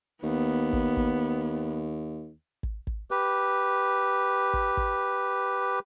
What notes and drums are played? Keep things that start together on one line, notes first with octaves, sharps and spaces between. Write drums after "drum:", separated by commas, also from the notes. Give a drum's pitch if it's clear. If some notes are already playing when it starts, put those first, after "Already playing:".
D#2 B3
drum: kick
drum: kick
drum: kick
drum: kick
G4 B4
drum: kick
drum: kick